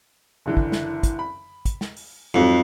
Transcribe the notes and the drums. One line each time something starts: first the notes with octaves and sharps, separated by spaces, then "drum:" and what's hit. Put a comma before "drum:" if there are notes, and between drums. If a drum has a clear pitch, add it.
F#1 D3 E3
drum: kick
drum: snare
drum: kick, hi-hat
B5
drum: kick, hi-hat
drum: snare
drum: open hi-hat
F2 G#2 F#3